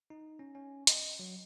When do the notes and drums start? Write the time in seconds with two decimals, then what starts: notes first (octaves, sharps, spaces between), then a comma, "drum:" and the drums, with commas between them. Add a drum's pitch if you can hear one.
0.10 D#4
0.39 C#4
0.55 C#4
0.87 D#5, drum: hi-hat
1.19 F#3